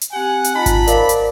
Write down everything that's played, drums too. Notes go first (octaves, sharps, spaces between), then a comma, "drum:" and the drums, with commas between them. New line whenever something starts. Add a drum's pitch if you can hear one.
drum: hi-hat
C4 G4 F#5 G#5
drum: hi-hat
D#4 F4 F#5 A5 B5
drum: kick G#1, hi-hat
A#4 C5 D5 F5, drum: hi-hat
drum: hi-hat